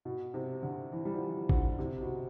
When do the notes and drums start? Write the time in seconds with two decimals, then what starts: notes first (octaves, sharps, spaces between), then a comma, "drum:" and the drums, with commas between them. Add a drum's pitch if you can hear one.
0.05 B2
0.34 C3
0.63 D3
0.92 E3
1.05 G3
1.14 F3
1.21 E3
1.49 D3, drum: kick G#1
1.79 C3
2.00 B2